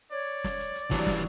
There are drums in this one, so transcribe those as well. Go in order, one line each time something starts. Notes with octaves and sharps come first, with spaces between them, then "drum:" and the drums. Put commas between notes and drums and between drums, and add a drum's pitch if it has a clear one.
C#5 D5
drum: snare
drum: hi-hat
drum: hi-hat
E3 F#3 G3 D4, drum: kick, hi-hat
drum: snare